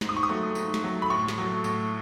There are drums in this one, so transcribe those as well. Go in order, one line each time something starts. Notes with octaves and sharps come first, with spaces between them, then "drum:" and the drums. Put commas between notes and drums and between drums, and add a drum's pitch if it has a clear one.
G#2, drum: snare
D#6
C#6
D#6
F#3 A3
G#2, drum: tambourine
drum: snare
F#3 A3
B5
A2 C#6
drum: snare
F#3 A3
A2, drum: tambourine